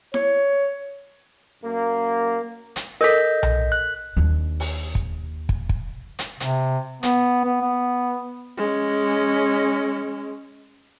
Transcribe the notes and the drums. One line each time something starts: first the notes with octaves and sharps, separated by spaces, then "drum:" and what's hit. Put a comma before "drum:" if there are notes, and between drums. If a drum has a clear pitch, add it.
C#5, drum: snare E4
F#2 A#3
drum: hi-hat
A4 A#4 D#5 G6 B6
drum: tom B1
F#6
D#2 D4
drum: open hi-hat
drum: kick
drum: kick
drum: kick
drum: hi-hat
C3, drum: hi-hat
B3, drum: hi-hat
B3
B3
G#3 C#4